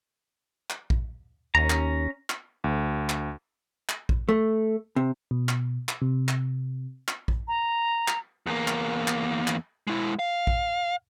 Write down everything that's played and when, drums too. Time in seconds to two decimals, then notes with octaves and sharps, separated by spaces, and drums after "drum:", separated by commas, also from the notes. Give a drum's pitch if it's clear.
0.70 drum: clap
0.90 drum: kick A#1
1.55 D#2 C#4 A#5
1.70 drum: clap
2.30 drum: clap
2.64 D2
3.09 drum: clap
3.89 drum: clap
4.09 drum: kick A#1
4.29 A3
4.96 C3
5.31 B2
5.49 drum: clap
5.89 drum: clap
6.02 C3
6.28 drum: clap
7.08 drum: clap
7.28 drum: kick A#1
7.48 A#5
8.08 drum: clap
8.46 E2 A#3
8.68 drum: clap
9.08 drum: clap
9.47 drum: clap
9.87 G#3 E4
10.19 F5
10.47 drum: kick A#1